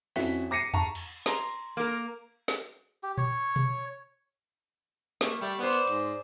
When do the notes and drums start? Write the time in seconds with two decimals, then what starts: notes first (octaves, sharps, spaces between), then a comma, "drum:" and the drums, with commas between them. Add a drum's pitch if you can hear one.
0.16 F2 C#4 E4 F#4 B6, drum: open hi-hat
0.51 D6 A#6 C7 C#7 D#7
0.74 A5 A#5 C#6, drum: tom E2
0.95 drum: cymbal
1.26 A#5 C6, drum: snare
1.77 A#3 A#4
2.48 drum: snare
3.03 G4
3.18 C#5, drum: tom A#2
3.56 drum: tom B2
5.21 A3 A#3, drum: snare
5.41 G3 A3
5.59 B3 C5 D5
5.73 drum: hi-hat
5.87 G#2, drum: hi-hat